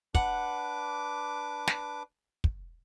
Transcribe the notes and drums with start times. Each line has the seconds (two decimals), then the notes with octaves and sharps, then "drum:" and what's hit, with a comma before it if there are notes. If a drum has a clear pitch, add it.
0.15 D4 B4 F#5 D6, drum: kick
1.67 drum: snare
2.44 drum: kick